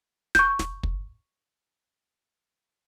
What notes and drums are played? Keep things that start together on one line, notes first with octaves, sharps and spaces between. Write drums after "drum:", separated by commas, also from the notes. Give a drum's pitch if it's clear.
C#6 G6, drum: snare
drum: snare
drum: kick